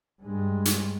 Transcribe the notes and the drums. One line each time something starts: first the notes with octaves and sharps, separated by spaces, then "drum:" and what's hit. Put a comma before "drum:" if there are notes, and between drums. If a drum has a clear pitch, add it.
G2 G#3
drum: hi-hat